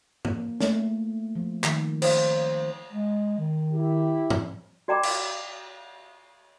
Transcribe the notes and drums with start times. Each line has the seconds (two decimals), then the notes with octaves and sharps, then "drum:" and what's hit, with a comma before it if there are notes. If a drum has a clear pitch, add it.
0.25 A#3, drum: tom
0.61 A3, drum: snare
1.35 F3
1.64 D#3, drum: clap
2.02 C5, drum: cymbal
2.90 G#3
3.38 D#3
3.72 E4 G4
4.30 drum: tom
4.88 F#4 D5 G5 A#5 B5 D6
5.03 drum: cymbal